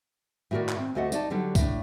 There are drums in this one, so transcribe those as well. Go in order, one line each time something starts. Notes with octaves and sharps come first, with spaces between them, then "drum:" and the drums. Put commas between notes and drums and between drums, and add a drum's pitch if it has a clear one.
A2 D#3 F#4 G4 A#4 D5
drum: clap
C4
D2 A3 F#4 D#5 F#5
D#4 D5 A5, drum: tambourine
D3 F#3 G3 G4 A4
A2 D4, drum: kick, tambourine